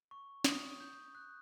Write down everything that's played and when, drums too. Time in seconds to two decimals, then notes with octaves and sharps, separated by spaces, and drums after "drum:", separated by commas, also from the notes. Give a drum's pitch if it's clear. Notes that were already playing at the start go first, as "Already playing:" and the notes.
0.11 C#6
0.44 D#6, drum: snare
0.80 G6
1.15 F#6